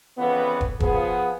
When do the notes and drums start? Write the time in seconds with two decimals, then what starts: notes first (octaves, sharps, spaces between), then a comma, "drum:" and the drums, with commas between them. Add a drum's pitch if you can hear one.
0.17 F2 C#3 E3 B3
0.61 drum: kick
0.80 F3 B3 G#4, drum: kick